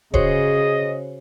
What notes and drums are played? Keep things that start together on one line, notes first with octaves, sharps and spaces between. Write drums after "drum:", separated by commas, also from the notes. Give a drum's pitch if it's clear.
C#3 F#4 G#4 C5 C#5 D#5, drum: kick D#1